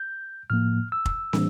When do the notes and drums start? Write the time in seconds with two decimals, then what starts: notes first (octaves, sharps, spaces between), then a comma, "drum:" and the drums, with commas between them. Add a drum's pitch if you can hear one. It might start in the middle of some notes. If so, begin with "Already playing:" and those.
Already playing: G6
0.50 A2 F3 A#3 F6
0.92 E6
1.06 drum: kick F1
1.33 A2 E3 G3 A#3 D4, drum: snare